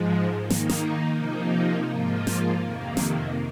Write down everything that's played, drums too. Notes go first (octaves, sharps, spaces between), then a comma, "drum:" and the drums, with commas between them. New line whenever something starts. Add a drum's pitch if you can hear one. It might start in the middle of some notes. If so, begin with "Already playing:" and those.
Already playing: G#2 F3 G#3
D#3 A#3 D#4
drum: snare
drum: snare
C3 F3 A#3 D#4
G#2 F3 A#3 F4
drum: snare
F2 C3 D#3 A#3
drum: snare